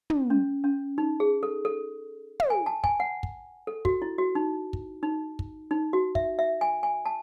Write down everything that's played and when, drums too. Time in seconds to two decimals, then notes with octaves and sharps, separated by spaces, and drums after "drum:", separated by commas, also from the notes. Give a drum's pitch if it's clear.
0.10 drum: tom
0.30 C#4
0.64 C#4
0.98 D#4
1.20 G#4
1.43 A4
1.65 A4
2.40 drum: tom
2.50 G#5
2.66 A5
2.84 G#5, drum: kick
3.00 F#5
3.23 drum: kick
3.67 A4
3.85 F#4, drum: kick
4.02 E4
4.18 F#4
4.35 D#4
4.73 drum: kick
5.03 D#4
5.39 drum: kick
5.71 D#4
5.93 F#4
6.15 E5, drum: kick
6.39 E5
6.61 G#5
6.83 G#5
7.06 A5